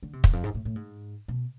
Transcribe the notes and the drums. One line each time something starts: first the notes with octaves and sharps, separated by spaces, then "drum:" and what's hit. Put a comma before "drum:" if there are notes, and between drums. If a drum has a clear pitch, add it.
D3
C3
E2, drum: kick
F2
G#2
A2
A2
G#2
B2